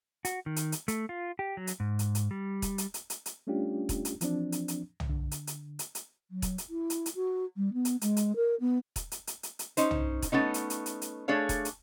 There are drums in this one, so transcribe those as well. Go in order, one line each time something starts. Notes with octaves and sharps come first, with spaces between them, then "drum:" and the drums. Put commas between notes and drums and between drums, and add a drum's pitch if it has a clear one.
F#4, drum: hi-hat
D#3
drum: hi-hat
drum: hi-hat
A3, drum: hi-hat
F4
G4
F#3
drum: hi-hat
G#2
drum: hi-hat
drum: hi-hat
G3
drum: kick E1, hi-hat
drum: hi-hat
drum: hi-hat
drum: hi-hat
drum: hi-hat
G3 A3 C#4 D4 F4 G4
drum: kick E1, hi-hat
drum: hi-hat
E3 F3 C4 D4, drum: hi-hat
drum: hi-hat
drum: hi-hat
drum: tom
D3
drum: hi-hat
drum: hi-hat
drum: hi-hat
drum: hi-hat
F#3
drum: kick E1, hi-hat
drum: hi-hat
E4
drum: hi-hat
drum: hi-hat
F#4
G3
B3
drum: hi-hat
G#3, drum: hi-hat
drum: hi-hat
A#4
B3
drum: kick E1, hi-hat
drum: hi-hat
drum: hi-hat
drum: hi-hat
drum: hi-hat
C#4 D#4 C5, drum: hi-hat
drum: tom
drum: kick E1, hi-hat
A3 B3 C#4 D#4
drum: hi-hat
drum: hi-hat
drum: hi-hat
drum: hi-hat
A3 D4 G#4 C#5 F5
drum: kick E1, hi-hat
drum: hi-hat